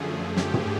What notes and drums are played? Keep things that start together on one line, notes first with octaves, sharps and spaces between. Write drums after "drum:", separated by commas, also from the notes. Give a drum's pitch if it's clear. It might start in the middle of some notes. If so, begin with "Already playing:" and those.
Already playing: F#2 D3 F3 A3 G#4
G4, drum: snare
drum: tom